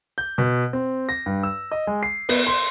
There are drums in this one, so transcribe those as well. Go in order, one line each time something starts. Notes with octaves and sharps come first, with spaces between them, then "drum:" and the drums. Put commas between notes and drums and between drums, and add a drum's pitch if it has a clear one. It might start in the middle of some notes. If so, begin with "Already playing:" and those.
G6
B2
C4
A#6
G2
E6
D#5
G#3
C7
B3, drum: open hi-hat
C6